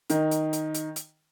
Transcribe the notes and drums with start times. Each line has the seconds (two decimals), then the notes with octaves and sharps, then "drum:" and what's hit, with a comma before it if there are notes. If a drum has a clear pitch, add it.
0.10 D#3 D#4, drum: hi-hat
0.31 drum: hi-hat
0.53 drum: hi-hat
0.75 drum: hi-hat
0.96 drum: hi-hat